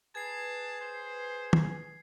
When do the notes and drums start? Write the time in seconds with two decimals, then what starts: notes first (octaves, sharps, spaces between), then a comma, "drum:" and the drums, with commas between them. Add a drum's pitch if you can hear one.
0.15 G#4 B4 A5 G#6 C7
0.81 C5
1.53 drum: tom